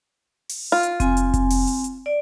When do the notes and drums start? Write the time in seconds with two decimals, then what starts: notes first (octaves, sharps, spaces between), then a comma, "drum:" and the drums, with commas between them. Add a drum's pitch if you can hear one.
0.49 drum: open hi-hat
0.72 F4
0.83 drum: hi-hat
1.00 C4 G#5, drum: kick F1, hi-hat
1.17 drum: hi-hat
1.34 drum: kick F1, hi-hat
1.50 drum: open hi-hat
1.67 drum: hi-hat
1.84 drum: hi-hat
2.06 D5